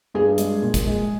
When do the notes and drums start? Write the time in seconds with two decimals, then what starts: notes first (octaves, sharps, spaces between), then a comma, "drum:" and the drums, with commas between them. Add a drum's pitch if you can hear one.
0.14 G2 G#4
0.38 G#3, drum: hi-hat
0.62 A#2
0.74 drum: kick, hi-hat
0.86 G#3